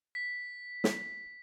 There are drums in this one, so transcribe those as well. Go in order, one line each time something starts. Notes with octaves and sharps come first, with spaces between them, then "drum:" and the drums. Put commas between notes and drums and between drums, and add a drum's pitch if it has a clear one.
B6
drum: snare